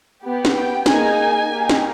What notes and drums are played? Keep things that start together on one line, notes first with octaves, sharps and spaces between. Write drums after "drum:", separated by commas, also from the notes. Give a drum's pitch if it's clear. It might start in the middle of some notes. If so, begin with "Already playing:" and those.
B3 G4
drum: snare
G5
A#3 D#4 G#4 G#5, drum: snare
A#3 D#4 G4
drum: snare